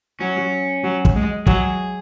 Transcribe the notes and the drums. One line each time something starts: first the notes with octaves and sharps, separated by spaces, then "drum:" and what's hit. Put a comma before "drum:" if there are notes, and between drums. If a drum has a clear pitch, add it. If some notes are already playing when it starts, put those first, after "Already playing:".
F#3 C#4
F#3
drum: kick
G#3
F#3 G#4, drum: kick